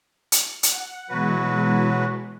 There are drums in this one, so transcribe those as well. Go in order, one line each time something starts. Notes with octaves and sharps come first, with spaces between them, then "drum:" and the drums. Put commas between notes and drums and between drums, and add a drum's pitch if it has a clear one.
drum: hi-hat
F#5, drum: hi-hat
B2 E3 F#3 G#3 F#4 B4